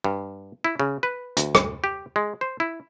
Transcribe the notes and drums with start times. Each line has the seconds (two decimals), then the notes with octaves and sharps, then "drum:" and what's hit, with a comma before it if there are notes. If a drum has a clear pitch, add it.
0.04 G2
0.64 E4
0.80 C#3
1.03 B4
1.37 D2, drum: hi-hat
1.55 drum: rim click
1.84 G4
2.16 G#3
2.41 C5
2.60 E4